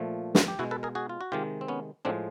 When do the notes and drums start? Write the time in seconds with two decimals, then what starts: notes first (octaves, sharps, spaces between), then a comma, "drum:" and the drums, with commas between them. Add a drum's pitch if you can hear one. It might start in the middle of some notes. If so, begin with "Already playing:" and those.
Already playing: A#2 F3 A3
0.35 drum: snare
0.48 G4
0.59 B2 G#3 E4 F#4
0.71 A4 B4
0.83 G#4 A#4
0.95 F#4 G#4
1.09 F4
1.21 F#4
1.32 C3 D#3 G#3 F4 G4
1.61 C4
1.68 B3 C#4
2.05 A2 F3 G#3 C4 D4